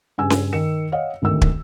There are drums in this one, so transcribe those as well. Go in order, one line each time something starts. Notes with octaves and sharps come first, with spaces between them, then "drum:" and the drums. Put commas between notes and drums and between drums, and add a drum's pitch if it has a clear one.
G2 C#3 G#5 E6
drum: snare C#4
D#3 C#7 E7
C#5 D#5 F5 F#5
G#1 D2 D#3 E6
drum: kick